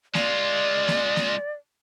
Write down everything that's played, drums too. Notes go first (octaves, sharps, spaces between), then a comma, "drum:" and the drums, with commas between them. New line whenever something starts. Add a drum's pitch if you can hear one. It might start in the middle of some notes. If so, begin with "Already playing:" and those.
G#3 F4 D5, drum: snare A#3
drum: snare A#3
drum: snare A#3